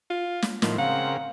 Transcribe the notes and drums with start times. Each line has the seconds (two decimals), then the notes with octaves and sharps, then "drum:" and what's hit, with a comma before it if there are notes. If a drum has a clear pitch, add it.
0.10 F4
0.42 drum: snare
0.62 A2 D#3 F3, drum: snare
0.78 C#3 C4 A#4 F5 F#5